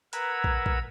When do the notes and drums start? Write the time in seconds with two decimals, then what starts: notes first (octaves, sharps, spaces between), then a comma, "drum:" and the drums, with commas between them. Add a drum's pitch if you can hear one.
0.13 A#4 B4 F#5 A#5 E6 G#6, drum: hi-hat
0.44 drum: kick
0.66 drum: kick